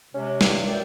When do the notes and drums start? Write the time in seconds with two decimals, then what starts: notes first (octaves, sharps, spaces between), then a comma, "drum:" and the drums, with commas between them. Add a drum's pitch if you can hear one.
0.14 C3 G#3 C#4
0.41 G2, drum: snare
0.67 F#2 D5 E5 G5